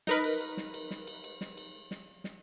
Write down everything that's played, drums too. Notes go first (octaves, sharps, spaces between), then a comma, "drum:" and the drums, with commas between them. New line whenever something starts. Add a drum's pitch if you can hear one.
D#4 A#4 B4, drum: snare
drum: cymbal
drum: cymbal
drum: snare
drum: cymbal
drum: snare
drum: cymbal
drum: cymbal
drum: snare
drum: cymbal
drum: snare
drum: snare